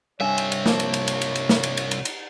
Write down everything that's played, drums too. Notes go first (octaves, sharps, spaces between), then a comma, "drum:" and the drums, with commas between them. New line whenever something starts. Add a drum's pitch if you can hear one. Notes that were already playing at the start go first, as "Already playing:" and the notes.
C2 G2 C#5 E5 G#5
drum: cymbal
drum: cymbal
F3 A#3, drum: snare
drum: cymbal
drum: cymbal
drum: cymbal
drum: cymbal
drum: cymbal
drum: snare
drum: cymbal
drum: cymbal
drum: cymbal
drum: cymbal